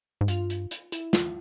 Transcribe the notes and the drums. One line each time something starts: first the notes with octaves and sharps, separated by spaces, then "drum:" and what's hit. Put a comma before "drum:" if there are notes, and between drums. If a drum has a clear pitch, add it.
G#2
G2 F4, drum: hi-hat
drum: hi-hat
drum: hi-hat
E4, drum: hi-hat
F4, drum: snare